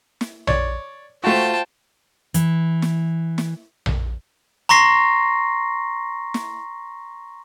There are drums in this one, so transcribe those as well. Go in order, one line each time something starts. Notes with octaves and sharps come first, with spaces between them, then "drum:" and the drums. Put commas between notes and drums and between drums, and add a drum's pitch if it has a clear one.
drum: snare
C#5 D5, drum: tom A#1
A3 F4 F#4 C5 G5 A5
E3, drum: hi-hat
drum: snare
drum: snare
drum: tom A#1
A#5 C6 C#6 A#6 C7
drum: snare